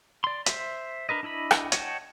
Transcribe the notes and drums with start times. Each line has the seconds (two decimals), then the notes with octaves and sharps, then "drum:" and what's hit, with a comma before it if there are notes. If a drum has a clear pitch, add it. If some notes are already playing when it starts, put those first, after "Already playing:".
0.24 D5 C6
0.46 C5 E5, drum: hi-hat
1.09 D4 A#4 B4 D#5
1.23 D4 E4 D#5 B5
1.51 drum: rim click
1.72 C#5 D#5 F#5 G5 A5, drum: hi-hat